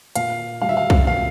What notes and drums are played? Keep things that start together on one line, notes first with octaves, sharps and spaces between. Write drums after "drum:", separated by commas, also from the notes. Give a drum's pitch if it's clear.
A#2 F5, drum: hi-hat
G3 F5
E5
F5
drum: kick B1
A#2 F5